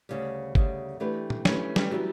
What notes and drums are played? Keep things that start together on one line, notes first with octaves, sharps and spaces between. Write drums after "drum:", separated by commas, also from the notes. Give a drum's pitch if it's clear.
D2 C#3 G3
D2 C#3 G3, drum: kick G1
E3 A3 D4 G4 B4
drum: tom A#2
E3 A3 C#4 D4 G4 B4, drum: snare
G3, drum: snare
E3 F#3 G3 B3 D4